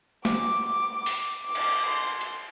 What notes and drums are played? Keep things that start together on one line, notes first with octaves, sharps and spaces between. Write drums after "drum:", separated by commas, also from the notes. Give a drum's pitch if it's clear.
D6, drum: snare
D6
drum: open hi-hat
D6
drum: cymbal
C6
drum: hi-hat